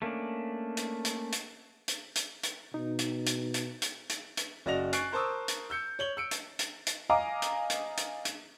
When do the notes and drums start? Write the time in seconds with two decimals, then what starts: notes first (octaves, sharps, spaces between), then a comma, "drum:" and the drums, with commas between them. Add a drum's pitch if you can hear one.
0.02 A3 A#3 C#4 D4
0.77 drum: hi-hat
1.05 drum: hi-hat
1.32 drum: hi-hat
1.88 drum: hi-hat
2.15 drum: hi-hat
2.43 drum: hi-hat
2.74 B2 D#4
2.99 drum: hi-hat
3.26 drum: hi-hat
3.54 drum: hi-hat
3.82 drum: hi-hat
4.09 drum: hi-hat
4.37 drum: hi-hat
4.66 F#1 F#4 D5 D#5 A#6 F7
4.93 G#5 C#6 F#6 A6 C7 D7, drum: hi-hat
5.12 A#4 C5 A5 C#6 D#6 E6
5.48 drum: hi-hat
5.70 E6 G6 C#7
5.99 C#5 F#7 G7
6.17 E6 C#7 D7
6.31 drum: hi-hat
6.59 drum: hi-hat
6.87 drum: hi-hat
7.10 D#5 F5 G#5 A#5 D6
7.42 drum: hi-hat
7.70 drum: hi-hat
7.97 drum: hi-hat
8.25 drum: hi-hat